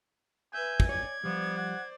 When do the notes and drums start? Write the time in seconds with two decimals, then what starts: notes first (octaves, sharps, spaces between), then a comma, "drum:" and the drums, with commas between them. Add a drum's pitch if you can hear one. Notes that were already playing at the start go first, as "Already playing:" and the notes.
0.53 B4 E5 G#5 G6
0.80 drum: kick
0.89 C#5 D5 G#6
1.24 F3 G3 B3 C5 D5
1.57 F#5